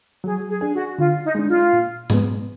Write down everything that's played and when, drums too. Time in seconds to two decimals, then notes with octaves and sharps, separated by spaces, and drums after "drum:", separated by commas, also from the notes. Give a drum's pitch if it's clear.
0.24 F#3 G#4
0.49 G#4
0.61 D4 G#4
0.73 F#4
0.98 D3 F4
1.23 D#4
1.35 G#3 D4
1.48 F4
1.73 A#2
2.10 G#3 B3, drum: tom G#2